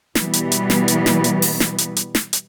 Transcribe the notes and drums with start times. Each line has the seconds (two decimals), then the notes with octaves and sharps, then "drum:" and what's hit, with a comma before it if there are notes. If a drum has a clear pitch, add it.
0.15 B2 E3 G3 B3, drum: snare
0.33 drum: hi-hat
0.52 drum: hi-hat
0.70 drum: snare
0.88 drum: hi-hat
1.06 drum: snare
1.24 drum: hi-hat
1.42 drum: open hi-hat
1.60 drum: snare
1.78 drum: hi-hat
1.97 drum: hi-hat
2.15 drum: snare
2.33 drum: hi-hat